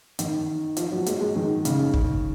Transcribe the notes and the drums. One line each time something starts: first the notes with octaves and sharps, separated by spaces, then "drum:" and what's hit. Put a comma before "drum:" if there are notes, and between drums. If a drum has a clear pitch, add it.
D#3, drum: hi-hat
F3, drum: hi-hat
F#3
G#3, drum: hi-hat
G#3
D#3
C#3, drum: hi-hat
drum: kick